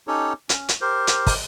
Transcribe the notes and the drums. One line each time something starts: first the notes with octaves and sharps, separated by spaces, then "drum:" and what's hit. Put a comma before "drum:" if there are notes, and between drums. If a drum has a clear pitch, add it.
C#4 D#4 G4 A4 C#5
C#4, drum: hi-hat
drum: hi-hat
G4 A#4 C5
drum: hi-hat
drum: kick, open hi-hat